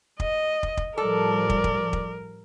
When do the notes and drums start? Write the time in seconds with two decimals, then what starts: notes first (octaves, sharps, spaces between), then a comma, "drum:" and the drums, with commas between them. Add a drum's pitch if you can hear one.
0.20 D#5, drum: kick
0.63 drum: kick
0.77 drum: kick
0.98 A2 F3 G3 A4 A#4 D5
1.50 drum: kick
1.64 drum: kick
1.93 drum: kick